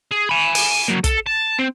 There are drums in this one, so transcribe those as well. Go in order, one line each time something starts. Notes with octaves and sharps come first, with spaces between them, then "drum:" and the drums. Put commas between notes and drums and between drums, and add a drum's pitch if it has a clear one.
G#4
G#5 B5
drum: open hi-hat
F#3 A#3
A4, drum: kick, hi-hat
A5
C4